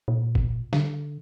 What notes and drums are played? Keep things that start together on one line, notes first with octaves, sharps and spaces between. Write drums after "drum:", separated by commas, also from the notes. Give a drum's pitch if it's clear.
A#2
drum: kick
D3, drum: snare